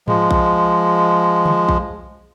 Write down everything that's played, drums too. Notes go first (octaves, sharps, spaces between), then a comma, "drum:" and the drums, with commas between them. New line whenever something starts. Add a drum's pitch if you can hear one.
F3 G#3, drum: tom G#2
drum: kick A#1
drum: tom
drum: kick A#1